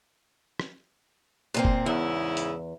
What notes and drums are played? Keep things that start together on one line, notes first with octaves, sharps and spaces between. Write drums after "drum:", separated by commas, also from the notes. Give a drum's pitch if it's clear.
drum: rim click
A#2 A#3 C4
drum: kick F1
E2 G#2 C#3 E4
drum: hi-hat